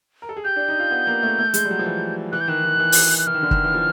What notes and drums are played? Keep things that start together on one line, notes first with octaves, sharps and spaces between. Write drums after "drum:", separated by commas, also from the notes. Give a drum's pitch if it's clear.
A#4
A4
G#4
G4 G6
D4
D#4
F4
B3
A#3
A3
A3
G#3, drum: hi-hat
G3
F#3
F3
E3
E3 F#6
G6
D#3 F#6
D#3
D#3
E3
drum: open hi-hat
F#6
E3 F6
D#3
D3
D#3, drum: kick
E3
F3